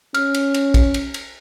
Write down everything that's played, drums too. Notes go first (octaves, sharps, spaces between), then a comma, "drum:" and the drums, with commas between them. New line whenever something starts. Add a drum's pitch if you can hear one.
C#4 F6, drum: cymbal
drum: cymbal
drum: cymbal
drum: kick, cymbal
drum: cymbal
drum: cymbal